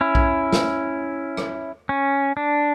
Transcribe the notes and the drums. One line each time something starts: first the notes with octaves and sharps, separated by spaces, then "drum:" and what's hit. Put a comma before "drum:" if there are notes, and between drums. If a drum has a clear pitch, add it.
C#4 E4
drum: kick A#1
drum: snare
drum: rim click
C#4
D4